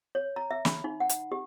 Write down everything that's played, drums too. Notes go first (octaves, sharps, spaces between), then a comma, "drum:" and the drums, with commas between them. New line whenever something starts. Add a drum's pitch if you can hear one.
C#5
A#5
E5
B5, drum: snare
D#4
F#5
drum: hi-hat
G4